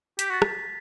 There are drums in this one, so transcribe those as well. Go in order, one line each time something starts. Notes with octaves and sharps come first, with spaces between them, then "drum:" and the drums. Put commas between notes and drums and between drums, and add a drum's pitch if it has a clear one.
G4 B6, drum: hi-hat
F#4 A6
drum: rim click